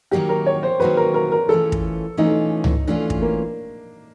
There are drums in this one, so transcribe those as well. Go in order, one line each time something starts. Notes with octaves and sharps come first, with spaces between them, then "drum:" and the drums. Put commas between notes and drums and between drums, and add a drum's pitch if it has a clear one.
D#3 F#3 A#3 D#4 F#4 G4
A#4
C#5
C5
D#3 F#3 A#3 D#4 F#4 B4
A#4
A#4
A#4
E3 A3 C#4 F4 A4
drum: kick
E3 A3 C#4 D#4 F4
drum: tom C#2
E3 A3 C#4 D4 F4
drum: kick
A#3